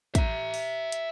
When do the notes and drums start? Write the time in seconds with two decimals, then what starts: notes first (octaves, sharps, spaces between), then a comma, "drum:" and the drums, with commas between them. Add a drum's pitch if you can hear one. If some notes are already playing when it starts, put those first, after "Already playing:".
0.15 E5 A#5, drum: kick, hi-hat
0.54 drum: open hi-hat
0.92 drum: hi-hat